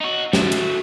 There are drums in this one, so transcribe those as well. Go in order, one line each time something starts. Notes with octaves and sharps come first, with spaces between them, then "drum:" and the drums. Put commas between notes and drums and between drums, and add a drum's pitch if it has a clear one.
D#4 F#4
F#3 A3, drum: snare
drum: cymbal